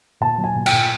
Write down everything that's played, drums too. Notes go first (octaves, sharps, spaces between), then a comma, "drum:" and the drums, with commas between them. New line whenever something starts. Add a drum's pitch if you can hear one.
A#2 A5
F#3
G#5
A#2
G5, drum: cymbal
A#2